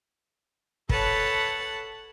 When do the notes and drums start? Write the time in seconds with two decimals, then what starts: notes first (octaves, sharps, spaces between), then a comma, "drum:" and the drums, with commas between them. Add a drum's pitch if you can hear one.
0.89 A4 B4 C#5 F#5 A5, drum: kick